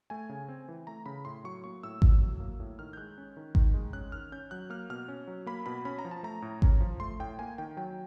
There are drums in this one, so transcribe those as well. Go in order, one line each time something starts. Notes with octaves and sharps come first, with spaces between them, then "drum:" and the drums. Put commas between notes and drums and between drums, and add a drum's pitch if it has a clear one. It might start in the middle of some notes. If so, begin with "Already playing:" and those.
A3 G#5
C#3
C4
E3
A3 A#5
C#3 B5
A2 C6
F#3 C#6
A#3 C#6
A2 E6
A2, drum: kick G#1
F#3
A#3
A2
D#3 F6
G6
G#3 F#6
C#4
D#3
D#3, drum: kick G#1
G#3
C#4 F#6
D#3 F6
C#4 G6
F#3 F#6
A#3 F6
B2 F6
C#4
F#3
A#3 B5
B2 B5
C#4 B5
A#5
F3
A5
A3 A#5
A2
C#4, drum: kick G#1
F3
A3 C6
A2 G5
A#3 G#5
D#3 G5
F#3 G5